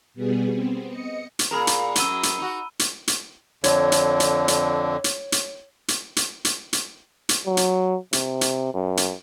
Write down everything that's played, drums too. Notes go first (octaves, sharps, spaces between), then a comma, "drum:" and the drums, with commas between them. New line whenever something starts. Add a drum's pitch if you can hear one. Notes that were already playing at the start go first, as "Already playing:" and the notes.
B2 G3 B3 G#4
B3 C4
D#5 C#7
drum: hi-hat
A#2 G#4 A#4 A#5 B5
drum: hi-hat
F#2 A2 F#3 E6 D#7 G7, drum: hi-hat
drum: hi-hat
D#4 F#4
drum: hi-hat
drum: hi-hat
F2 D3 C#5 G#6, drum: hi-hat
drum: hi-hat
drum: hi-hat
drum: hi-hat
drum: hi-hat
drum: hi-hat
drum: hi-hat
drum: hi-hat
drum: hi-hat
drum: hi-hat
drum: hi-hat
F#3
drum: hi-hat
C3, drum: hi-hat
drum: hi-hat
F#2
drum: hi-hat